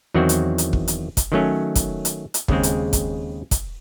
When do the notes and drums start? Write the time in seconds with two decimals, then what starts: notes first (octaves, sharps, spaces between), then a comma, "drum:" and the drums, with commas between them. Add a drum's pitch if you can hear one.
0.14 E2 D#3 F#3 C4 F#4
0.29 drum: hi-hat
0.58 drum: hi-hat
0.73 drum: kick
0.88 drum: hi-hat
1.17 drum: kick, hi-hat
1.32 D#3 F#3 A3 C#4
1.75 drum: kick, hi-hat
2.05 drum: hi-hat
2.34 drum: hi-hat
2.48 D#2 C#3 G#3 C4, drum: kick
2.63 drum: hi-hat
2.93 drum: kick, hi-hat
3.51 drum: kick, hi-hat